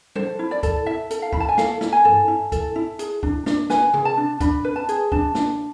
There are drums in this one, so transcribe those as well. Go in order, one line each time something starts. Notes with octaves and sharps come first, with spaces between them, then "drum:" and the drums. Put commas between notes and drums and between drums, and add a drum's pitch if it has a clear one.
A4 C5, drum: tom F#3
E4
D5
A4, drum: kick C#2, hi-hat
E4 E5
A4, drum: hi-hat
F5
E4 B5, drum: kick C#2
A5
G#5
A4 F5, drum: snare
E4, drum: snare
G#5
A4, drum: tom G2
E4
A4, drum: kick C#2, hi-hat
E4
G#4, drum: hi-hat
D4, drum: kick C#2
D4, drum: snare
B4 G#5, drum: snare
G#4, drum: tom C3
A5
D4
D4 B5, drum: kick C#2, hi-hat
B4
A5
G#4, drum: hi-hat
D4 A5, drum: kick C#2
D4, drum: snare